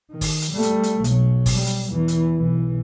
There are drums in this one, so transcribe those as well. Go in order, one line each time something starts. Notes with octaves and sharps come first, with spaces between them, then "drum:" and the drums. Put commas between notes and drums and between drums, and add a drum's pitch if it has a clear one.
D#3
drum: kick G1, open hi-hat
drum: hi-hat
G3 A3
drum: hi-hat
drum: hi-hat
B1 F#3, drum: hi-hat
drum: kick G1, open hi-hat
G3
drum: hi-hat
E2 E3
drum: hi-hat
B1 E3